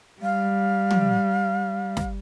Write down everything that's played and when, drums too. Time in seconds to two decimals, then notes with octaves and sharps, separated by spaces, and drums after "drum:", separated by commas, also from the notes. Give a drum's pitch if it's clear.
0.22 G3 F5
0.90 drum: tom
1.97 drum: snare